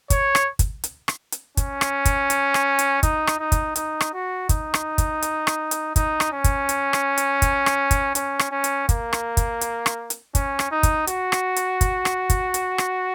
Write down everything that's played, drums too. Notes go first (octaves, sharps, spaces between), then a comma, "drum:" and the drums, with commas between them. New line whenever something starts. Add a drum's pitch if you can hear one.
C#5, drum: kick, hi-hat
drum: rim click
drum: kick, hi-hat
drum: hi-hat
drum: rim click
drum: hi-hat
C#4, drum: kick, hi-hat
drum: rim click
drum: kick, hi-hat
drum: hi-hat
drum: rim click
drum: hi-hat
D#4, drum: kick, hi-hat
drum: rim click
D#4
drum: kick, hi-hat
D#4, drum: hi-hat
drum: rim click
F#4
D#4, drum: kick, hi-hat
drum: rim click
drum: kick, hi-hat
drum: hi-hat
drum: rim click
drum: hi-hat
D#4, drum: kick, hi-hat
drum: rim click
C#4
drum: kick, hi-hat
drum: hi-hat
drum: rim click
drum: hi-hat
drum: kick, hi-hat
drum: rim click
drum: kick, hi-hat
C#4, drum: hi-hat
drum: rim click
C#4
drum: hi-hat
A#3, drum: kick, hi-hat
drum: rim click
drum: kick, hi-hat
drum: hi-hat
drum: rim click
drum: hi-hat
C#4, drum: kick, hi-hat
drum: rim click
D#4
drum: kick, hi-hat
F#4, drum: hi-hat
drum: rim click
drum: hi-hat
drum: kick, hi-hat
drum: rim click
drum: kick, hi-hat
drum: hi-hat
drum: rim click